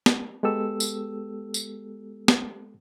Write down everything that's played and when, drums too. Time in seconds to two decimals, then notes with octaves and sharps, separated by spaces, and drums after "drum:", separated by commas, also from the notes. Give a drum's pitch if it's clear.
0.06 drum: snare
0.43 G#3 B3 G4 A4 E6
0.80 drum: tambourine
1.54 drum: tambourine
2.28 drum: snare